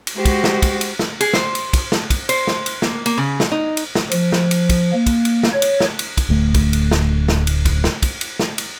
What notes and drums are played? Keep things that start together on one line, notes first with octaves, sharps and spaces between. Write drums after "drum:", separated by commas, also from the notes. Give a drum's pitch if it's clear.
drum: cymbal
G#3 F#4 G4 C5
drum: kick, cymbal
drum: snare
drum: kick, cymbal
drum: cymbal
drum: snare
G#4, drum: cymbal
C5, drum: snare
drum: cymbal
drum: kick, cymbal
drum: snare
drum: kick, cymbal
C5, drum: cymbal
drum: snare
drum: cymbal
A#3, drum: snare
A#3, drum: cymbal
C#3
drum: snare
D#4
drum: cymbal
drum: snare
F3, drum: cymbal
drum: snare
drum: cymbal
drum: kick, cymbal
A#3
drum: kick, cymbal
drum: cymbal
drum: snare
C#5
drum: cymbal
drum: snare
drum: cymbal
drum: kick, cymbal
D1 D2 A3
drum: kick, cymbal
drum: cymbal
drum: snare
drum: snare
drum: cymbal
drum: kick, cymbal
drum: snare
drum: kick, cymbal
drum: cymbal
drum: snare
drum: cymbal